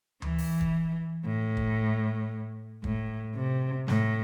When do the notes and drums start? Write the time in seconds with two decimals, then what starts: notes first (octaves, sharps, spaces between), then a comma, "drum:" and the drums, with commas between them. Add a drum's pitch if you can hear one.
0.22 E3, drum: tom D2
0.38 drum: open hi-hat
0.61 drum: kick
1.26 A2
1.57 drum: kick
2.84 A2, drum: kick
3.35 C3
3.88 A2, drum: snare